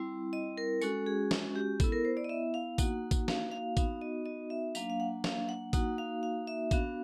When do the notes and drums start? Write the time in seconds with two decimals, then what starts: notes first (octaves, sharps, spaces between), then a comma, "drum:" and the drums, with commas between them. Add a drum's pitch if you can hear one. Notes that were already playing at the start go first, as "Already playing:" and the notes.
Already playing: G3 C4 E4
0.33 D#5
0.58 A#4
0.81 G#3 C#4 F#4 A4, drum: tambourine
1.06 G#4
1.31 drum: snare
1.56 G4
1.80 B3 E4 A4, drum: kick A1, tambourine
1.92 A#4
2.05 C5
2.17 D5
2.24 D#5
2.29 E5
2.54 F5
2.78 A#3 D#4 F#4 F#5, drum: kick A1, tambourine
3.11 drum: kick A1, tambourine
3.28 F5, drum: snare
3.52 F5
3.77 B3 D#4 F#4 F5, drum: kick A1, tambourine
4.01 D#5
4.26 D#5
4.50 E5
4.75 F#3 A#3 D4 F5, drum: tambourine
4.90 F5
5.00 F#5
5.24 F5, drum: snare
5.49 F#5
5.73 A#3 D#4 F#4 F#5, drum: kick A1, tambourine
5.98 F5
6.23 F5
6.47 E5
6.71 B3 D4 F#4 F5, drum: kick A1, tambourine